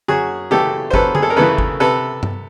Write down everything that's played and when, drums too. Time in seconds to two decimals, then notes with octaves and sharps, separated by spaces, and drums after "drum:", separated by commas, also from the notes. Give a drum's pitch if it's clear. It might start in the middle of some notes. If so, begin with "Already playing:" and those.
0.08 F#2 F#4 G#4
0.51 C#3 E3 A3 G4 A4
0.90 C5
0.94 F#2 A4 B4, drum: kick G1
1.15 G#4, drum: tom D3
1.22 A4
1.30 A#4
1.36 C#3 E3 A3 A4 B4
1.58 drum: kick G1
1.80 C3 A4 B4
2.23 drum: tom G2